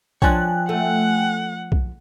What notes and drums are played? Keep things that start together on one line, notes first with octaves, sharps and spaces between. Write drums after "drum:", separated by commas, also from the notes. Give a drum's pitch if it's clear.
F3 D4 C#5 G5 G#5 F#6, drum: kick B1
A3 F#5
drum: kick B1